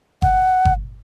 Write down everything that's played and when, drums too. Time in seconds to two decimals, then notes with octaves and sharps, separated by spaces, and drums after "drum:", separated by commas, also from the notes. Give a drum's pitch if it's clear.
0.22 F#5, drum: kick G1
0.65 drum: kick G1